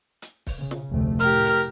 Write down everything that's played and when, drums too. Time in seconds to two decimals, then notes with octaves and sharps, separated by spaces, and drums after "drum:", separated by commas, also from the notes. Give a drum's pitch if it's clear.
0.22 drum: hi-hat
0.47 drum: kick, open hi-hat
0.58 C#3
0.71 drum: snare
0.89 F1 D2 A3
1.20 A2 G4 A#4 F6, drum: hi-hat
1.44 drum: open hi-hat